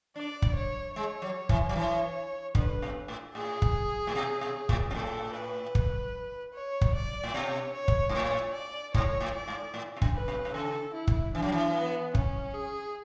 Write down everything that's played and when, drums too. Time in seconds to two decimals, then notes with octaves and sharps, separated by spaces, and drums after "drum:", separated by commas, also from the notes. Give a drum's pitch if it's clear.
0.16 D4 D5
0.42 drum: kick
0.56 C#5
0.95 G#3 C#5
1.22 F#3
1.49 E3, drum: kick
1.69 F#3
1.75 E3 C#5
2.55 D3 B4, drum: kick
2.82 B2
3.08 A2
3.35 A2 G#4
3.62 drum: kick
4.07 A2
4.15 B2
4.41 B2
4.69 A2, drum: kick
4.91 B2
4.94 A2 A4
5.35 B4
5.75 drum: kick
6.55 C#5
6.81 drum: kick
6.95 D5
7.23 A2
7.34 B2 C#5
7.74 C#5
7.88 drum: kick
8.09 G#2
8.15 A2 C#5
8.54 D5
8.94 G#2 C#5, drum: kick
9.20 A2
9.35 D5
9.48 G#2
9.74 A2
9.97 B2
10.02 C#3, drum: kick
10.14 B4
10.28 B2
10.45 B2
10.54 C#3 A4
10.94 E4
11.07 drum: kick
11.33 E3 D4
11.42 F#3
11.52 E3
11.74 B3
12.15 C#4, drum: kick
12.54 G#4